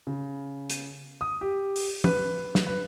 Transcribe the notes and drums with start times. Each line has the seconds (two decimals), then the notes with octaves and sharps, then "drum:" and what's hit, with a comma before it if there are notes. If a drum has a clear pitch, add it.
0.07 C#3
0.70 drum: hi-hat
1.21 D#6
1.41 G4
1.76 drum: open hi-hat
2.04 B4, drum: tom
2.55 drum: snare
2.67 B4